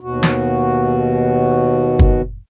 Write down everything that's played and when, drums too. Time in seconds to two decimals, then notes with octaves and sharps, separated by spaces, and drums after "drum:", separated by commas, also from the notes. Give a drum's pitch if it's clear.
0.01 D#2 B2 F#4
0.23 drum: snare
1.99 drum: kick